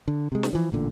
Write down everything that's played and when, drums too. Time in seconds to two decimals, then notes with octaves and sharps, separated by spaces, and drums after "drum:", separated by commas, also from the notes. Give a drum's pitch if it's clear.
0.08 D3
0.32 C3 G#3
0.43 drum: snare
0.53 E3 F3
0.72 A1 A#2 D3